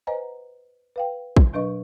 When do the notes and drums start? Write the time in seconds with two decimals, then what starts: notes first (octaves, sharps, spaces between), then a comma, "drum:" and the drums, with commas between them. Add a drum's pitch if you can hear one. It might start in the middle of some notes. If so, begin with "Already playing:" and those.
0.07 B4 C5 D#5 F#5 G#5 A#5
0.96 B4 F5 G5
1.37 drum: kick
1.53 B2 F#3 D4 B4 D#5 C#6